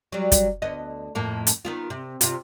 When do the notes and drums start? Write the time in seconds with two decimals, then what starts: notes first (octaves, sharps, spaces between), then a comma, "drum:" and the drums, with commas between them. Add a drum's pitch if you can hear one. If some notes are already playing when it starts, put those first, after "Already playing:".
0.12 F#3 G3
0.32 drum: kick, hi-hat
0.62 D2 B3 D#5
1.15 F2 A2 A#3
1.47 drum: hi-hat
1.65 D#3 B3 F4
1.90 C3
2.21 C3 F4, drum: hi-hat